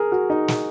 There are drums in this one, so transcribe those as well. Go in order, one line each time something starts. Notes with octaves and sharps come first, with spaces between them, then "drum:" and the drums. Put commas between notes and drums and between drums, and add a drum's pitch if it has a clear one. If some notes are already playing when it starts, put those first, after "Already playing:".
Already playing: G#4 A#4
F#4
D#4
drum: snare